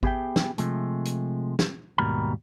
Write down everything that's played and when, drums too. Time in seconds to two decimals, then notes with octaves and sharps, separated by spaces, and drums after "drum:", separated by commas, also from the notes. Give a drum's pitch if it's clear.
0.03 B3 G4 G#4 E5 G5, drum: kick G#1
0.36 drum: snare
0.58 C3 F3 G#3 A3, drum: hi-hat
1.05 drum: hi-hat
1.59 drum: snare
1.98 D#2 G#2 B2 G3 A#4 B5